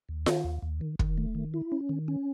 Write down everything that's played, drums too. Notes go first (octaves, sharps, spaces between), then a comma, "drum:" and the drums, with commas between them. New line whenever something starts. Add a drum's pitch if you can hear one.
D#2
D#3, drum: snare F4
D#2
D#2
D#3
D#3, drum: kick
A3
D#3
E4
C#4
D#3
C#4